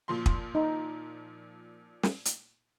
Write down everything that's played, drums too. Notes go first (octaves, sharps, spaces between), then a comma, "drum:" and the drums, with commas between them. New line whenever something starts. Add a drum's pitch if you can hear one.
A#2 F3 C6
drum: kick
D#4
drum: snare
drum: hi-hat